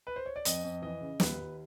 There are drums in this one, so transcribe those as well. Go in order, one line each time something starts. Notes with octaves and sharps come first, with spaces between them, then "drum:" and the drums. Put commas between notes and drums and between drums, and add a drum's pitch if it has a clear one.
B4
C5
C#5
D5
F2 D#5, drum: hi-hat
F2
E3 D#5
C#3
D#2 B4, drum: snare
D#2